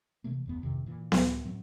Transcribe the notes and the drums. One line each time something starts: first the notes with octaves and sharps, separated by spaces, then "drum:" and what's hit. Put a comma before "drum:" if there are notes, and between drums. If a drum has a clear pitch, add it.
C3 E3 A3 A#3
G1 E2 B3
A1 F2 C3 D#3
A#2 E3
C#2 A2 G3, drum: snare B3
A2 F#3 C4